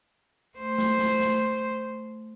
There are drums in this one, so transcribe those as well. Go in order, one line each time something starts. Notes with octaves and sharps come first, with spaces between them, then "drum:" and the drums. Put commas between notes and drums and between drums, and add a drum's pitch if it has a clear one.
A3 C5
drum: snare
drum: snare
drum: snare